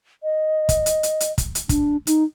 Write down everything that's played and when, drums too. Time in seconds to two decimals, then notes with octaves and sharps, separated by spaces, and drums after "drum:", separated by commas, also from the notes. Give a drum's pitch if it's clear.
0.23 D#5
0.69 drum: kick, hi-hat
0.86 drum: hi-hat
1.03 drum: hi-hat
1.20 drum: hi-hat
1.38 drum: kick, hi-hat
1.55 drum: hi-hat
1.69 D4, drum: kick, hi-hat
2.07 D#4, drum: hi-hat